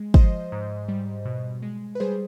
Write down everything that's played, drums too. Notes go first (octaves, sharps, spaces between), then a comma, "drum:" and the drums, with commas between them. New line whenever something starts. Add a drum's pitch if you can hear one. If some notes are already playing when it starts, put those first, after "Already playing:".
Already playing: G#3
F3 C5 D#5, drum: kick
G#2
G3
B2
G#3
B4
G3 G#4 C5